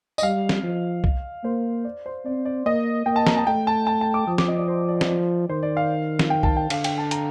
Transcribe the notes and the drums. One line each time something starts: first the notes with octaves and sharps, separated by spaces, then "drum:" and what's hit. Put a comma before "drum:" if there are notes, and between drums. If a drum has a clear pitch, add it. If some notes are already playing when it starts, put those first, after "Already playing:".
D#5, drum: tambourine
G3 F5
drum: snare
F3
drum: kick C2
A#3 C5
D5
C5
C4 D5
D5
A#3 D#5
A#3 G5
A5
A#5, drum: snare
A5
A3 G5
A5
A5
A5
D6
F3 D#6
D6, drum: snare
D#5
D5
C5
D5
drum: snare
D#3 C5
D5
F5
drum: snare
G5
A5, drum: kick C2
G5
D3 F5, drum: cymbal
G5, drum: cymbal
A5
A#5, drum: hi-hat